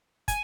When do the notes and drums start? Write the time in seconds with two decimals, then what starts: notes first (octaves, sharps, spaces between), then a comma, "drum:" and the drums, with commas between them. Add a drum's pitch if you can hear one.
0.28 G#5, drum: kick, hi-hat